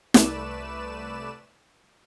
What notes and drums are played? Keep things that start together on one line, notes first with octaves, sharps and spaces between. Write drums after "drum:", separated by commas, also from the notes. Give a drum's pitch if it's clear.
C2 A3 B4 D5 E7, drum: snare